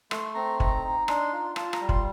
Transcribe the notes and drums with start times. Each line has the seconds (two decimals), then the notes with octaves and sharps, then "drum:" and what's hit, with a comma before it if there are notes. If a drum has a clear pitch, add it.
0.11 A3 C6, drum: rim click
0.35 C4 A#5
0.60 D#4 A#5, drum: kick
0.84 D#4
1.08 D4 C6, drum: rim click
1.33 F4
1.56 F4 A5, drum: rim click
1.73 A#5, drum: rim click
1.81 G3
1.89 C6, drum: kick